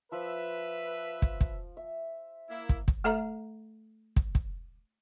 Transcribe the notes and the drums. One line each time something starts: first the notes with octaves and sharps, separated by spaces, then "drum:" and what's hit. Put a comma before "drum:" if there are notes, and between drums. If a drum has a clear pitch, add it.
F3 B4 E5
drum: kick
drum: kick
E5
A#3 E4
drum: kick
drum: kick
A3 A4 E5 A#5
drum: kick
drum: kick